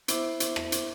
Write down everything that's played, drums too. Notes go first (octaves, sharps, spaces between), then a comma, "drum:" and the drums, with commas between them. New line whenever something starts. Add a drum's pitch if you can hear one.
B3 E4 C5 E5 D6, drum: hi-hat
drum: hi-hat
drum: rim click
drum: hi-hat